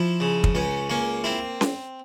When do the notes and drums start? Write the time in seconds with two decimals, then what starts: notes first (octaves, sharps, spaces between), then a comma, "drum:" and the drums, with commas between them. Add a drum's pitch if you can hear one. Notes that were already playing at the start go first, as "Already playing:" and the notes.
Already playing: F3 E4
0.20 C#3
0.44 drum: kick
0.55 C#2 C#4
0.90 A#3 C#4
1.24 C4 E4
1.61 drum: snare C#4